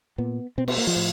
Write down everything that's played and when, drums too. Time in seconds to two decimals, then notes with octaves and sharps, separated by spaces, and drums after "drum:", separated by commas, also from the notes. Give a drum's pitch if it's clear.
0.18 A#2 B3
0.58 B2 C4
0.68 B3, drum: cymbal
0.78 A#3
0.87 F3
0.96 A2